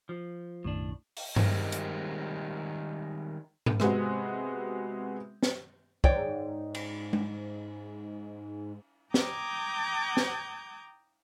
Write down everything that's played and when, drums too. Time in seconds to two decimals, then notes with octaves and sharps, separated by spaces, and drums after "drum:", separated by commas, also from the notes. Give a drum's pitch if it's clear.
0.09 F3
0.64 B1 F#2 A2 D#3 D4
1.17 drum: open hi-hat
1.36 D#3 G3 G#3 C4, drum: tom G2
1.72 drum: hi-hat
3.66 drum: tom G#2
3.80 C3 G#3 B3 C4 F#4, drum: rim click
5.43 drum: snare
6.04 G#2 C#5 D5 G5, drum: kick
6.75 drum: cymbal
7.13 drum: tom G#3
9.14 G5 A#5 D6 D#6 G6 G#6, drum: snare
10.17 drum: snare